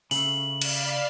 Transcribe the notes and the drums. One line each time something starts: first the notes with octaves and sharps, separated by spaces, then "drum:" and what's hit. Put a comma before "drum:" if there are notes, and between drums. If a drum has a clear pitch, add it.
C#3 A3 F#7, drum: open hi-hat
D5 F5 B5, drum: cymbal